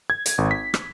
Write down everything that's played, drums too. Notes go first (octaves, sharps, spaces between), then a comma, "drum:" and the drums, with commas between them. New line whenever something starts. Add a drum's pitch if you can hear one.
G#6
drum: hi-hat
G#1
B6
drum: rim click